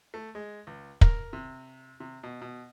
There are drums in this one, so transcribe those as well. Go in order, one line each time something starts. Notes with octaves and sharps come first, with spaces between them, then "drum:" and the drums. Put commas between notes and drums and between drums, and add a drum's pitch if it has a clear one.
A3
G#3
C#2
A#4, drum: kick
C3
C3
B2
B2